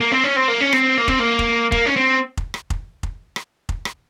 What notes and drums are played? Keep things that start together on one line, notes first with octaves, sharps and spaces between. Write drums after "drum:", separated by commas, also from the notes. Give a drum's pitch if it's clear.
A#3
C4
C#4
C4
A#3
C#4
C4, drum: rim click
A#3
C4, drum: kick F1
A#3
drum: kick F1
A#3, drum: kick F1
C#4
C4
drum: kick F1
drum: rim click
drum: kick F1
drum: kick F1
drum: rim click
drum: kick F1
drum: rim click